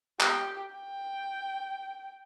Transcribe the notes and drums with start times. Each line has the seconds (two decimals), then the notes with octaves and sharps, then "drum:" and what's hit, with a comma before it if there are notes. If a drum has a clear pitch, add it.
0.21 G4, drum: clap
0.75 G5